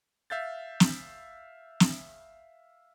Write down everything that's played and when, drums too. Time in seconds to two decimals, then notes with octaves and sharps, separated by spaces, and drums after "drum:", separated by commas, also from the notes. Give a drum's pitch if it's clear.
0.30 E5 F5 G6 A6
0.80 drum: snare
1.80 drum: snare